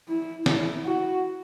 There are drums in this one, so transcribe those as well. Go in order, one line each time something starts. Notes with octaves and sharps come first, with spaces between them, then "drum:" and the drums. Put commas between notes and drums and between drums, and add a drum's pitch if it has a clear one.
E4
E4, drum: snare
F#4